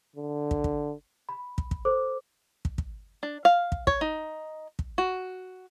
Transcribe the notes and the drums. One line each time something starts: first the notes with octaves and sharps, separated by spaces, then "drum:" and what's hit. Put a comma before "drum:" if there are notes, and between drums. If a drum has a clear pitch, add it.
D3
drum: kick
drum: kick
B5
drum: kick
drum: kick
A4 C5 D6
drum: kick
drum: kick
D4
F5
drum: kick
C#5, drum: kick
D#4
drum: kick
F#4